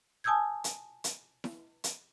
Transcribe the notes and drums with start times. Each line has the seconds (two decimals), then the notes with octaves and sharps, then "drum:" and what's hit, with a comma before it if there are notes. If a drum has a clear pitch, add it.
0.24 G#5 A5 D#6 E6 G6 G#6
0.64 drum: hi-hat
1.04 drum: hi-hat
1.44 drum: snare E4
1.84 drum: hi-hat